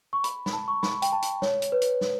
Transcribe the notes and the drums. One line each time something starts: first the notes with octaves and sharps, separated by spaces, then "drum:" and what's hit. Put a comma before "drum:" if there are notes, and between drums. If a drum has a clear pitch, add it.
C#6
B5, drum: hi-hat
B5, drum: snare
A5
C#6
B5, drum: snare
G5, drum: hi-hat
A5
drum: hi-hat
C#5, drum: snare
drum: hi-hat
B4
drum: hi-hat
drum: snare